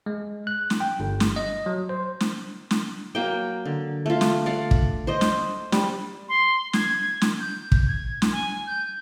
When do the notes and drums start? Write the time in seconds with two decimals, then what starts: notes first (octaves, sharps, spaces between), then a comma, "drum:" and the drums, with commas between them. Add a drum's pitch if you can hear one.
0.06 G#3
0.47 F#6
0.70 drum: snare
0.80 G5
1.00 G1
1.20 drum: snare
1.36 D#5
1.66 F#3
1.89 C5
2.20 drum: snare
2.71 drum: snare
3.15 F#3 A#3 G5
3.65 D3
4.06 A3 F4
4.21 drum: snare
4.46 D5 F5 F#5
4.71 drum: kick
5.07 C5 D5 D#5
5.21 drum: snare
5.72 G3, drum: snare
6.29 C6
6.73 G#6, drum: snare
7.21 drum: snare
7.40 G6
7.72 drum: kick
7.88 G#6
8.22 drum: snare
8.33 G#5
8.67 G6